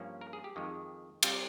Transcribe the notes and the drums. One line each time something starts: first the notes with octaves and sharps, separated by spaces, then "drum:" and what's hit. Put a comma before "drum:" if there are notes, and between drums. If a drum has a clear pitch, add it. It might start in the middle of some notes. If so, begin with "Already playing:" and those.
Already playing: G2 F3 A#3 C#4
A#4
G#4
G4
F2 D#3 G#3
C3 G3 C4 F4, drum: cymbal